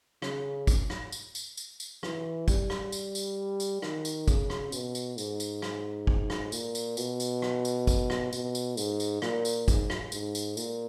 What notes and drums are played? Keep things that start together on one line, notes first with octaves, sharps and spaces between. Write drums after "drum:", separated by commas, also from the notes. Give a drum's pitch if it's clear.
C#3, drum: rim click
drum: kick, tambourine
drum: rim click
drum: tambourine
drum: tambourine
drum: tambourine
drum: tambourine
E3, drum: rim click
G3, drum: kick, tambourine
drum: rim click
drum: tambourine
drum: tambourine
drum: tambourine
D#3, drum: rim click
drum: tambourine
C#3, drum: kick, tambourine
drum: rim click
B2, drum: tambourine
drum: tambourine
G#2, drum: tambourine
drum: tambourine
drum: rim click
drum: kick
drum: rim click
A#2, drum: tambourine
drum: tambourine
B2, drum: tambourine
drum: tambourine
drum: rim click
drum: tambourine
drum: kick, tambourine
drum: rim click
B2, drum: tambourine
drum: tambourine
G#2, drum: tambourine
drum: tambourine
A#2, drum: rim click
drum: tambourine
G#2, drum: kick, tambourine
drum: rim click
G#2, drum: tambourine
drum: tambourine
A#2, drum: tambourine